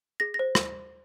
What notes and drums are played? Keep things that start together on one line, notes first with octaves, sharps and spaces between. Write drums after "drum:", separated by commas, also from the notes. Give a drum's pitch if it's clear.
G#4 A#6
A#6
C5
drum: rim click